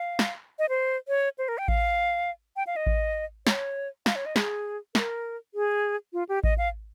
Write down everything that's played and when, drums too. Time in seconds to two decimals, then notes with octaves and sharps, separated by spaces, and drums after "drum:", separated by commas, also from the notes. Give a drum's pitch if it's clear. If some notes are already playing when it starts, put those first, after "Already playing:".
Already playing: F5
0.19 drum: snare
0.59 D#5
0.69 C5
1.08 C#5
1.38 C5
1.48 A#4
1.58 G5
1.68 F5, drum: kick A1
2.56 G5
2.67 F5
2.76 D#5
2.87 drum: kick A1
3.47 C#5, drum: snare
4.06 F5, drum: snare
4.16 C#5
4.26 D#5
4.36 G#4, drum: snare
4.95 A#4, drum: snare
5.54 G#4
6.13 F4
6.29 G4
6.44 D#5, drum: kick A1
6.58 F5